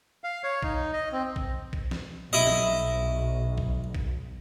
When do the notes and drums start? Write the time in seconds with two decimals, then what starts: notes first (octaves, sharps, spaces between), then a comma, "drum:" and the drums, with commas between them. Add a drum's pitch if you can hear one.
0.24 F5
0.44 C#5
0.63 D#4, drum: kick
0.93 D#5
1.12 C4
1.36 drum: kick
1.73 drum: kick
1.91 drum: snare
2.33 B1 E4 D#5
2.47 drum: snare
3.58 drum: kick
3.95 drum: kick